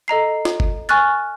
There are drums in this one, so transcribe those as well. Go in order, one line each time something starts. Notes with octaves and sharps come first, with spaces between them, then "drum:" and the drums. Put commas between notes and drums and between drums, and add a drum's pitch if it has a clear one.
A4 D#5 A#5 C7
drum: snare
drum: kick G1
G#5 C#6 F6 F#6 A6